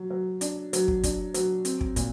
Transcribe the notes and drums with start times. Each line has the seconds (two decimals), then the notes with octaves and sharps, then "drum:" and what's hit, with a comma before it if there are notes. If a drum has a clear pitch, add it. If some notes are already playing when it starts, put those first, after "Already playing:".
Already playing: F#3
0.11 F#3
0.41 D4, drum: hi-hat
0.73 F#3, drum: hi-hat
0.88 drum: kick
1.04 D4, drum: kick, hi-hat
1.34 F#3, drum: hi-hat
1.65 C4, drum: hi-hat
1.81 drum: kick
1.96 A#2, drum: kick, hi-hat